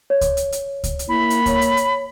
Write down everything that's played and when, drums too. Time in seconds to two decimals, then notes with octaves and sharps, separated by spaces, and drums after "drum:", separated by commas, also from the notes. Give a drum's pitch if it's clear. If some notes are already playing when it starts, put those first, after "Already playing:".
0.10 C#5
0.21 drum: kick C#2, hi-hat
0.37 drum: hi-hat
0.52 drum: hi-hat
0.84 drum: kick C#2, hi-hat
0.99 drum: hi-hat
1.08 A#3 E4 B5
1.30 drum: hi-hat
1.46 C#5, drum: kick C#2, hi-hat
1.61 drum: hi-hat
1.77 drum: hi-hat